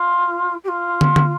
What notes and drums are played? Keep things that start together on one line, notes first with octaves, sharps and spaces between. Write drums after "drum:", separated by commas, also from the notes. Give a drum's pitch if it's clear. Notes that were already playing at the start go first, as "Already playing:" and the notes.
Already playing: F4
G4
F4
drum: tom
drum: tom